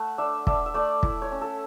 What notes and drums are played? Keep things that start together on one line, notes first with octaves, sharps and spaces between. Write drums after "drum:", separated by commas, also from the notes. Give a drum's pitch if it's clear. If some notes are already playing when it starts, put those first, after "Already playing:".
Already playing: A3 D5 F#5 A5
D4 E5
D4 E5, drum: kick
E5
A3 D5
E4, drum: kick
C#5
C#4
A4